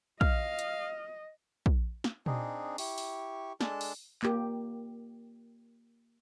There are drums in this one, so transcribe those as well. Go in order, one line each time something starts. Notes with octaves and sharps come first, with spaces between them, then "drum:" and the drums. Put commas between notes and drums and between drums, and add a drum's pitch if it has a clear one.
D#5 F5 F6, drum: kick
drum: hi-hat
drum: kick
drum: snare
C4 D4 D#4 G#4, drum: tom A#2
E4 G4 C#6, drum: open hi-hat
drum: open hi-hat
G#3 D4 A4 A5, drum: snare
drum: open hi-hat
A#3 G4, drum: clap